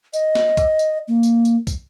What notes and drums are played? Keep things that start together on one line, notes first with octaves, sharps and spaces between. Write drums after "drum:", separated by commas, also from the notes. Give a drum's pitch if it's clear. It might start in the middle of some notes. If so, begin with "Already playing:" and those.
D#5, drum: tambourine
drum: snare
drum: kick, tambourine
drum: tambourine
A#3
drum: tambourine
drum: tambourine
drum: kick, tambourine